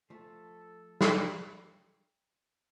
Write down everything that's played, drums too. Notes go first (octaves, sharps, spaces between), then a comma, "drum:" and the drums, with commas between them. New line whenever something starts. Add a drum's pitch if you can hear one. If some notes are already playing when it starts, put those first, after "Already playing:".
F3 A3 A4
E4, drum: snare